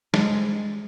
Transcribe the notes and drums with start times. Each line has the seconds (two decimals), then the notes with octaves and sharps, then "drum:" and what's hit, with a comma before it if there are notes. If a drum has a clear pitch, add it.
0.14 G#2 G3 G#3, drum: snare